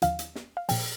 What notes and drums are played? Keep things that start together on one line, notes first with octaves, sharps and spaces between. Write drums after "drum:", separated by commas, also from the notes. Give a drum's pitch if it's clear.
D#2 D3 F3 F5, drum: hi-hat
drum: hi-hat
drum: snare
F5
A#2 F3 G5, drum: open hi-hat